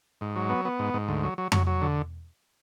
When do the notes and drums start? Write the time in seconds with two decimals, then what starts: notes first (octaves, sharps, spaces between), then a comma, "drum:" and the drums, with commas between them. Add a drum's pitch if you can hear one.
0.21 G#2
0.36 F#3
0.49 B3
0.65 B3
0.79 G#2
0.94 G#2
1.08 D2
1.23 F#3
1.38 F#3
1.52 F#3, drum: tom F2
1.67 F#3
1.82 D3